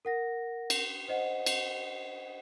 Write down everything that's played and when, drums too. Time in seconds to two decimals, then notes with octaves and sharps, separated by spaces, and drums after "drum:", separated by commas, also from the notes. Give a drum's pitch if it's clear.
0.05 A#4 F#5 A#6
0.70 drum: cymbal
1.08 C5 D#5 F#5
1.46 drum: cymbal